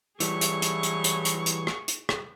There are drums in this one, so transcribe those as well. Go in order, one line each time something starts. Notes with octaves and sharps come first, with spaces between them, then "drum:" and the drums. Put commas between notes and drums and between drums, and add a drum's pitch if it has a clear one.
A2 E3 F#3 G3 E4 G#4 C#6, drum: hi-hat
drum: hi-hat
drum: hi-hat
drum: hi-hat
drum: hi-hat
drum: hi-hat
drum: hi-hat
drum: rim click
drum: hi-hat
drum: rim click